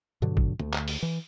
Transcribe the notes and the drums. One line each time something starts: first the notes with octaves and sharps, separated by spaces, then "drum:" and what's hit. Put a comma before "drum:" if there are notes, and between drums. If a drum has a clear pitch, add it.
G2 B2 D3 F#3
drum: kick A1
D2, drum: tom
drum: clap
drum: open hi-hat
E3